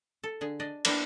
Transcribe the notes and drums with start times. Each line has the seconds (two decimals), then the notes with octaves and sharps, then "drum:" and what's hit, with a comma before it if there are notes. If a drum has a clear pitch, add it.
0.24 A4
0.41 D3 G#4
0.60 D4 D5 D#5
0.85 A#3 B3 D4 E4 A#4 G5, drum: cymbal